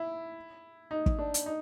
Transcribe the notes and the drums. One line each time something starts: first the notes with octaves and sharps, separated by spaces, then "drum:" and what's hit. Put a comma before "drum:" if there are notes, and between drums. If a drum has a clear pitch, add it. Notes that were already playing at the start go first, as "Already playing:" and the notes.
Already playing: E4
D#4
drum: kick
D4
drum: hi-hat
D#4